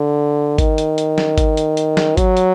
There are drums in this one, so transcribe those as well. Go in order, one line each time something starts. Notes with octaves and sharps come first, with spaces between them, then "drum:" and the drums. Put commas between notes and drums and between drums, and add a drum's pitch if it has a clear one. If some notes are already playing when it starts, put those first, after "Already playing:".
Already playing: D3
D#3, drum: kick G#1, hi-hat
drum: hi-hat
drum: hi-hat
drum: snare
drum: kick G#1, hi-hat
drum: hi-hat
drum: hi-hat
drum: snare
F#3, drum: kick G#1, hi-hat
drum: hi-hat